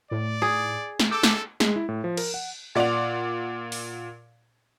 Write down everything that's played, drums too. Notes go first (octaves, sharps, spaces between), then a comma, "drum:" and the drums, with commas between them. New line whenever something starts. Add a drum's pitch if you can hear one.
A2 D5
G#4
drum: snare
A4 D6 E6 G6
drum: snare
G#3, drum: snare
E4
A2
F3
A#4, drum: cymbal
F#5
A#2 D5 F#5 D6 F7
drum: open hi-hat